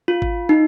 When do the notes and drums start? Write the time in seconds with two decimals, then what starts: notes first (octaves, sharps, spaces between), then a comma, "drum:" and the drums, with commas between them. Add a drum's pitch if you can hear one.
0.08 F4
0.22 drum: kick G#1
0.49 D#4